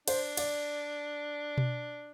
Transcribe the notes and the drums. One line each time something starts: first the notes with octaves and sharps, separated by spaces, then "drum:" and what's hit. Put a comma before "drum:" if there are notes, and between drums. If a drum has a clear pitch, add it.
D4 C5, drum: cymbal
D5, drum: cymbal
drum: tom B2